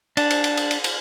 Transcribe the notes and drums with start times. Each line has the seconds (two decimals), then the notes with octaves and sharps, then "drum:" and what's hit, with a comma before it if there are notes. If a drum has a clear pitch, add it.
0.17 D4, drum: cymbal
0.30 drum: cymbal
0.44 drum: cymbal
0.57 drum: cymbal
0.71 drum: cymbal
0.84 drum: cymbal